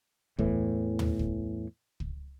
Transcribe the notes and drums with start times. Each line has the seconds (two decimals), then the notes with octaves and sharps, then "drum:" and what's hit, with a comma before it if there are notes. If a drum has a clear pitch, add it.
0.39 E2 A2 E3, drum: kick
0.99 drum: tom
1.19 drum: kick
2.00 drum: kick